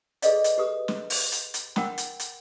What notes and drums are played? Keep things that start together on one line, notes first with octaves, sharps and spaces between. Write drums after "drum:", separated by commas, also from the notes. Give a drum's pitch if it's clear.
G#4 A4 B4 D5 D#5 F5, drum: hi-hat
drum: hi-hat
G4 A4 B4 D#6
drum: snare
drum: open hi-hat
drum: hi-hat
drum: hi-hat
A#4 F#5 G5 B5, drum: snare
drum: hi-hat
drum: hi-hat